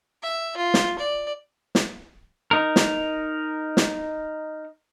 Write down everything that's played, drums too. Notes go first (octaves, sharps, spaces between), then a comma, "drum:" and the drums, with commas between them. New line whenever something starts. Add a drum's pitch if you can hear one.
E5
F4
drum: snare
D5
drum: snare
D#4 A#4
drum: snare
drum: snare